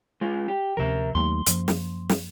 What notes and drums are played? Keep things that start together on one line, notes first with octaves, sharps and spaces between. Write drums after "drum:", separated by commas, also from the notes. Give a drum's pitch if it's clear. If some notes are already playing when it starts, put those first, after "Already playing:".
G#3 F4
G4
D2 C3 F3 A#4 E5
D#2 F#3 A3 C6
F#2 F3 A#3, drum: hi-hat
drum: snare
drum: snare